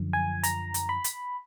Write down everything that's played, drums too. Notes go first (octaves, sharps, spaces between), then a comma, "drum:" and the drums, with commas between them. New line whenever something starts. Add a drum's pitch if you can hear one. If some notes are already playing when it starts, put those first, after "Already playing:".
Already playing: F#2 D3 F3
G#5
A#5, drum: hi-hat
drum: hi-hat
B5
drum: hi-hat